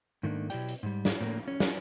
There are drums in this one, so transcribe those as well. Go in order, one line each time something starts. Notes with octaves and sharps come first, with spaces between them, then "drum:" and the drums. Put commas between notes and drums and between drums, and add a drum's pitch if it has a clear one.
G#2 D#3 A3 A#3 D4
B2 F#3 E4 G4 D5 G5, drum: hi-hat
drum: hi-hat
G#2 G3
drum: snare
A2 A#3
C#4
drum: snare